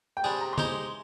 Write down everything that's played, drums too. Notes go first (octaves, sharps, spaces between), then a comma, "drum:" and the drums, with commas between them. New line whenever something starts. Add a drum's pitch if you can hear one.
G5
C3 G3 D4 G#4 G#5
A#5
C6
G#3 D#4 G4 C5 D#5 A#5, drum: tom